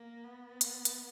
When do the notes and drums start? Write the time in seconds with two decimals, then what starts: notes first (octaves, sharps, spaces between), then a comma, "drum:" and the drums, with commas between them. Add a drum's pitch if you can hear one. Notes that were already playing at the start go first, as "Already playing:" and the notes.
Already playing: A#3
0.24 B3
0.61 drum: hi-hat
0.85 drum: hi-hat